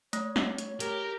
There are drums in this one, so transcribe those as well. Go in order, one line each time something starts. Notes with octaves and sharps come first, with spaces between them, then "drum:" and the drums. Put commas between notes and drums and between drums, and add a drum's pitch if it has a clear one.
A3 C#5, drum: hi-hat
drum: snare
drum: hi-hat
G4 A#4, drum: hi-hat